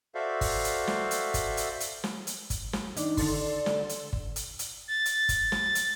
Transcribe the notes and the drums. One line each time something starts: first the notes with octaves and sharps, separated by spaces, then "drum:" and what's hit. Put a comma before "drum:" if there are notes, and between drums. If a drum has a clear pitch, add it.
F#4 A4 C5 D5 E5 F5
drum: kick G1, open hi-hat
drum: hi-hat
drum: snare
drum: hi-hat
drum: kick G1, hi-hat
drum: hi-hat
drum: hi-hat
drum: snare
drum: hi-hat
drum: kick G1, hi-hat
drum: snare
D#3 D4 D#4, drum: hi-hat
D3 A4 C6, drum: kick G1, open hi-hat
D5
drum: snare
drum: hi-hat
drum: kick G1
drum: hi-hat
drum: hi-hat
A6
drum: hi-hat
drum: kick G1, hi-hat
drum: snare
drum: hi-hat